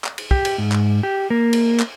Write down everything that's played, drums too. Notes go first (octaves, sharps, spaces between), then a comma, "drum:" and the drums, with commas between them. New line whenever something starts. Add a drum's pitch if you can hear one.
drum: clap
drum: cymbal
G4, drum: kick
drum: cymbal
G#2
drum: clap
G4
A#3
drum: cymbal
drum: clap